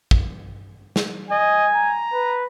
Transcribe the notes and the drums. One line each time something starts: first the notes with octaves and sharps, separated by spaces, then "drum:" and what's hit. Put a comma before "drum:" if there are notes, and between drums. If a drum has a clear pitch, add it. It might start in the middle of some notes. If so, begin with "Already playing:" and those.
drum: kick
drum: snare
D#5 G#5
A#5
B4